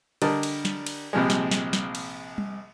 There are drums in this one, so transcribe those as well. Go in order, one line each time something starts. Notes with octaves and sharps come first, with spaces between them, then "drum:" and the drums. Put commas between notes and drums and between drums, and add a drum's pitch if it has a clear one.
D3 G3 A#4 D#5 A5, drum: cymbal
drum: cymbal
drum: snare
drum: cymbal
A#1 C3 F3 G#3
drum: snare
drum: snare
drum: snare
drum: cymbal
drum: tom G3